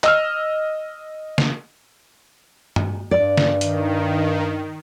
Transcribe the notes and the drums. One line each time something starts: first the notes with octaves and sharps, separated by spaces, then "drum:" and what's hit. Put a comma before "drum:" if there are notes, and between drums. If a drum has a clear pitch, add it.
D#5 E6 F6, drum: clap
drum: snare
drum: tom G2
G2 D5
drum: snare
D#3, drum: hi-hat